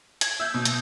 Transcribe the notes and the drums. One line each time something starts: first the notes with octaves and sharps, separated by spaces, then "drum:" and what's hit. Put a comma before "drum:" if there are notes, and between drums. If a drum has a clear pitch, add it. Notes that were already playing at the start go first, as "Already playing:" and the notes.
G#6, drum: hi-hat
E5 E6 G6
B2
drum: hi-hat